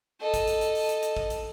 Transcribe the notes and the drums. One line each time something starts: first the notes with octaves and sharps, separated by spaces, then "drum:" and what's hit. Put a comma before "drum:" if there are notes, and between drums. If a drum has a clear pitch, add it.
A4 D#5
drum: kick A1, hi-hat
drum: hi-hat
drum: hi-hat
drum: open hi-hat
drum: hi-hat
drum: hi-hat
drum: kick A1
drum: hi-hat